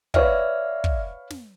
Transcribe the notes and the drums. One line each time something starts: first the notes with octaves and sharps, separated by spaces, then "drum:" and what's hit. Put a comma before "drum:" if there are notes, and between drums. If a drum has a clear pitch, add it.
B4 C#5 D5 E5 F5 F6, drum: kick
drum: kick
drum: snare